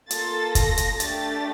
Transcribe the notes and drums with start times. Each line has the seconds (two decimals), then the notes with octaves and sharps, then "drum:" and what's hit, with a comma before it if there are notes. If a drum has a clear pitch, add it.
0.11 A#3 F4 A4 A6, drum: hi-hat
0.55 A#6, drum: kick, hi-hat
0.77 drum: hi-hat
1.00 A3 D4 G4 A6, drum: hi-hat